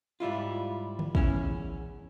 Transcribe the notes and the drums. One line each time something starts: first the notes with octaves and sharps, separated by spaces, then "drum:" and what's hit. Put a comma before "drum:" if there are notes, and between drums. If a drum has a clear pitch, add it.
G#2 G3 E4 F4
drum: tom
E2 C#4 E4, drum: kick